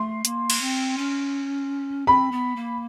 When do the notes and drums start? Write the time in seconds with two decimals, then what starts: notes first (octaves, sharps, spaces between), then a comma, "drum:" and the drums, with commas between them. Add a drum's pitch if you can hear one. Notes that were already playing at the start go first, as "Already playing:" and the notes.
Already playing: A3 C6
0.25 A#3, drum: hi-hat
0.50 drum: cymbal
0.61 C4
0.98 C#4
2.07 C4 B5
2.32 B3
2.56 A#3